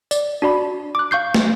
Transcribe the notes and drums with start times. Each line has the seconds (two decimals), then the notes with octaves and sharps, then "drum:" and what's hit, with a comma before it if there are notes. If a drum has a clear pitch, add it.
0.11 D5, drum: tambourine
0.42 D4 F#4 D5 B5
0.95 D6 F#6
1.11 F5 C#6 G6 C7
1.34 drum: snare